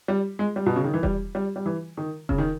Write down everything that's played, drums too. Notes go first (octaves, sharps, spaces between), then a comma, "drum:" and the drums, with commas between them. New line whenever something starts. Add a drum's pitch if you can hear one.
G3
G#3
G3
B2
C#3
D#3
E3
G3, drum: kick E1
G3
G3
E3
D#3
C#3, drum: kick E1
D#3